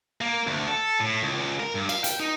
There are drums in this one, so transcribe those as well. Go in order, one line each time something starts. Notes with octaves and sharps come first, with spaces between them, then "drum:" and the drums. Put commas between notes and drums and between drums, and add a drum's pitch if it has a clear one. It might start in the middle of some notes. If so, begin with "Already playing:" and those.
A#3
D2
A4
A2
C#2
C#2
A#4
G2
F5, drum: cymbal
G5, drum: hi-hat
D#4